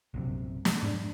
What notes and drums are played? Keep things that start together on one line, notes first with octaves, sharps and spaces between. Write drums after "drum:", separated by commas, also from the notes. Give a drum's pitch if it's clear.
A#1 F#2 C3
drum: snare
G#2 D4